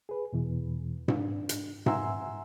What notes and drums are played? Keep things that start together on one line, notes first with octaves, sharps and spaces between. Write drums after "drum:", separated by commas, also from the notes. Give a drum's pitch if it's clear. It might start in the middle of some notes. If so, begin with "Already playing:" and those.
G#4 B4
E2 B2 E3
D4, drum: tom G#2
drum: hi-hat
E5 F#5 G#5 A#5 C6 E6, drum: tom G#2